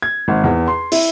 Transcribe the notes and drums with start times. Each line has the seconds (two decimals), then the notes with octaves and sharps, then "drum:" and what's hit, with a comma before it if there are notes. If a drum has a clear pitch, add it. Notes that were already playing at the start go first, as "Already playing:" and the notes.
0.02 G#6
0.28 G#1
0.44 E2
0.68 C6
0.92 E4, drum: open hi-hat